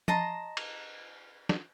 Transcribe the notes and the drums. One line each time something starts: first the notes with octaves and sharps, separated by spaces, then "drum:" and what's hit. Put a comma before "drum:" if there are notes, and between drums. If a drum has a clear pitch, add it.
D#5 A5 A#5 C6, drum: tom F3
drum: cymbal
drum: snare